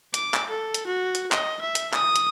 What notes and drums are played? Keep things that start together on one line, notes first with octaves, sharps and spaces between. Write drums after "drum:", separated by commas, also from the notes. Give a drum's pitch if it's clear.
D6, drum: hi-hat
drum: clap
A4
drum: hi-hat
F#4
drum: hi-hat
D#5, drum: clap
E5
drum: hi-hat
D#6, drum: clap
drum: hi-hat